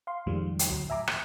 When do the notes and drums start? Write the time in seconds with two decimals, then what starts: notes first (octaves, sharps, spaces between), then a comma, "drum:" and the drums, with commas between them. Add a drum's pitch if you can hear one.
0.07 F5 C6
0.26 F2 A2 D#3 F3 G3 G#3
0.59 drum: hi-hat
0.70 D2 A2 F#3
0.90 E5 G#5 A#5 D6
1.08 A#5, drum: rim click